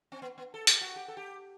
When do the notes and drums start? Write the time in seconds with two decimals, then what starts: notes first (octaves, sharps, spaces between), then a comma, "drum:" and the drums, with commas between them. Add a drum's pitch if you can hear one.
0.12 C4
0.22 B3
0.38 B3
0.54 A4
0.67 G4, drum: hi-hat
0.81 F#4
0.96 G4
1.08 A4
1.17 G4